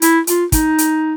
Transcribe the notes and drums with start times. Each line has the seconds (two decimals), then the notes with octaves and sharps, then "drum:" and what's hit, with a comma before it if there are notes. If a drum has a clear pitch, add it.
0.02 E4, drum: hi-hat
0.27 F4, drum: hi-hat
0.52 D#4, drum: kick, hi-hat
0.78 drum: hi-hat